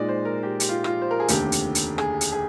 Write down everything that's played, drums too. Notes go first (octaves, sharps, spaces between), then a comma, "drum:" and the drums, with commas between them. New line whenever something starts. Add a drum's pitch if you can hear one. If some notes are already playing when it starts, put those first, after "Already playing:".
Already playing: A#2 G#3 D#4 D5
C5
A#4
G4
G4, drum: hi-hat
F4
F4, drum: rim click
C5
A#4
G#4
F1 D#2 D3 G4, drum: hi-hat
drum: hi-hat
drum: hi-hat
G#4, drum: rim click
drum: hi-hat
G#4